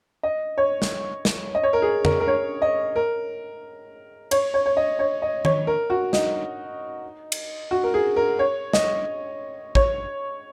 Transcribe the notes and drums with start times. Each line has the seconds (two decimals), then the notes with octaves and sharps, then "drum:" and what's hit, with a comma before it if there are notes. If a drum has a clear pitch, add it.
0.23 D#5
0.58 C#5
0.82 drum: snare
1.25 drum: snare
1.55 D#5
1.63 C#5
1.73 A#4
1.82 G#4
2.05 A#4, drum: tom F2
2.20 A#4
2.27 C#5
2.62 D#5
2.96 A#4
4.31 C#5, drum: cymbal
4.54 C#5
4.66 C#5
4.77 D#5
4.99 C#5
5.22 D#5
5.45 C#5, drum: tom
5.67 A#4
5.90 F#4
6.13 D#4, drum: snare
7.32 drum: cymbal
7.71 F#4
7.84 A#4
7.94 G#4
8.16 A#4
8.39 C#5
8.73 D#5, drum: snare
9.75 C#5, drum: kick